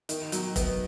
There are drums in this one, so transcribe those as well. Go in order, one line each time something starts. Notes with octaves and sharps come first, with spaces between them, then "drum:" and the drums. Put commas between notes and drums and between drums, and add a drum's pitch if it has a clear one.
D#3, drum: hi-hat
F#3, drum: hi-hat
B3, drum: kick F1, hi-hat